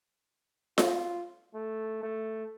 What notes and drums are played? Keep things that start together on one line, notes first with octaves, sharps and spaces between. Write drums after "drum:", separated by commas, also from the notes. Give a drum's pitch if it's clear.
F4, drum: snare F4
A3
A3